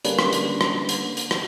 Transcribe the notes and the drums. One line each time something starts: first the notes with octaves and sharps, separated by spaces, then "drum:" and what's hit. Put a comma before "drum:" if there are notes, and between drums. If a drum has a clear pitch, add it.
D3 G3 A#3 C#4 D4 B4, drum: hi-hat
drum: rim click
drum: hi-hat
drum: rim click
drum: hi-hat
drum: hi-hat
drum: rim click